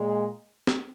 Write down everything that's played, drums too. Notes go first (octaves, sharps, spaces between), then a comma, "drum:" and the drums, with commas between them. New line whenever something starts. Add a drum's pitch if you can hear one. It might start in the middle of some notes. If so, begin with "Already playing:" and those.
Already playing: A#2 G#3
drum: snare